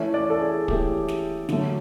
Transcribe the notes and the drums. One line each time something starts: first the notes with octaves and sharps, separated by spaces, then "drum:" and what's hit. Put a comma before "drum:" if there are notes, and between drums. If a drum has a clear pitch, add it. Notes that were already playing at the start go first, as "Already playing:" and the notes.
Already playing: E3 A3 C#4
D5
A4
G#4
E3 A3 C#4 G4, drum: kick
drum: snare
D3 F#3 A3, drum: snare